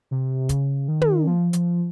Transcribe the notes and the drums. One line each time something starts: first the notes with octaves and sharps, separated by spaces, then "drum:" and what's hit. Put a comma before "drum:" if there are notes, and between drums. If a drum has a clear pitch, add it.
C3
C#3, drum: kick, hi-hat
D#3
drum: tom
F3
F3, drum: hi-hat